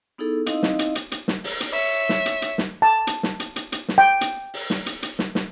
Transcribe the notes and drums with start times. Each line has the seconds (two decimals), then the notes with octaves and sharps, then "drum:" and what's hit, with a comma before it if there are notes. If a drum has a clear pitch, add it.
0.18 B3 D#4 E4 G#4 A4
0.46 C4 D#4 E4 D#5 F5, drum: hi-hat
0.63 drum: snare
0.79 drum: hi-hat
0.95 drum: hi-hat
1.12 drum: hi-hat
1.28 drum: snare
1.44 drum: open hi-hat
1.60 drum: hi-hat
1.72 C#5 E5
2.09 drum: snare
2.26 drum: hi-hat
2.42 drum: hi-hat
2.58 drum: snare
2.82 A5
3.07 drum: hi-hat
3.23 drum: snare
3.40 drum: hi-hat
3.56 drum: hi-hat
3.72 drum: hi-hat
3.88 drum: snare
3.98 G5
4.21 drum: hi-hat
4.54 drum: open hi-hat
4.70 drum: snare
4.86 drum: hi-hat
5.03 drum: hi-hat
5.19 drum: snare
5.35 drum: snare